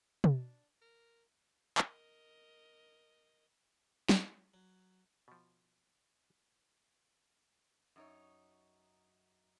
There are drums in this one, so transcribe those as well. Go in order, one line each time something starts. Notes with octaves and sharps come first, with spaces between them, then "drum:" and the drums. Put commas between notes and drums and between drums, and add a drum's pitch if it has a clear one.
D4, drum: tom
A#4
A#4 D#5, drum: clap
drum: snare
F#3
B2 F3
F#2 D#4 C#5